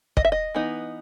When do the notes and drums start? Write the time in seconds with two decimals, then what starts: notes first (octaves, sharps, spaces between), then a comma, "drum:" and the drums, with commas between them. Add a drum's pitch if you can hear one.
0.17 D#5, drum: kick
0.25 E5
0.32 D#5
0.55 E3 B3 D#4